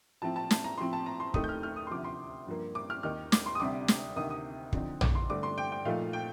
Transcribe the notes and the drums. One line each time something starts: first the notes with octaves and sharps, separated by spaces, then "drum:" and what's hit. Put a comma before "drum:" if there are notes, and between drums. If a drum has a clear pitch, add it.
A2 F3 C4 A5
A5
A5, drum: snare
A#5
A2 F3 C4 C6
A5
A#5
C6
D#2 D#3 A3 C4 D#4 D#6, drum: kick
G6
F6
F6
D#6
C6
D2 C3 F3 D6
C6
G2 F3 A#3
D6
F6
D#2 D#3 A#3 D#4 F6
D6, drum: snare
C6
D#6
D2 C3 G3 C4 D6
drum: snare
D2 C3 D#3 A#3 D#4 D#6
D#6
D3 F3 C4 D#4, drum: kick
D6, drum: tom A#1
C6
G2 D3 A3 D4 D6
C6
G5
G5
A#2 F3 A3 D#4 F5
G5